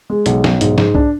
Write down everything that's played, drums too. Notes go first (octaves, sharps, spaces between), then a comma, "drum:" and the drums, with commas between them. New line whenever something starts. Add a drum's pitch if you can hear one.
G#3
B1, drum: hi-hat
B1, drum: snare
G#2, drum: hi-hat
G#2, drum: snare
D4, drum: kick B1